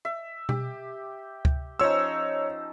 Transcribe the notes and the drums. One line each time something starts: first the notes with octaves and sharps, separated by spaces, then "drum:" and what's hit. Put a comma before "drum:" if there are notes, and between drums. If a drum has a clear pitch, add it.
E5
G4, drum: tom B2
drum: kick C#2
F3 C#4 D#4 C#5 E6